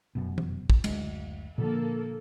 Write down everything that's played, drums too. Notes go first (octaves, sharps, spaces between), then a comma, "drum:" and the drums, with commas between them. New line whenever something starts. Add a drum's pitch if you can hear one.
F1 F#2 B2
drum: tom E3
drum: kick
F#1 D2 G#3, drum: cymbal
A#2 D3 F3 A#3 A4